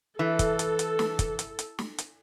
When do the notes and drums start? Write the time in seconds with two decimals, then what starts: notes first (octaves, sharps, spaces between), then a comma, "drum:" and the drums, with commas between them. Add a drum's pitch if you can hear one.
0.19 E3 A4
0.39 drum: kick, hi-hat
0.59 drum: hi-hat
0.79 drum: hi-hat
0.99 drum: snare
1.19 drum: kick, hi-hat
1.39 drum: hi-hat
1.59 drum: hi-hat
1.79 drum: snare
1.98 drum: hi-hat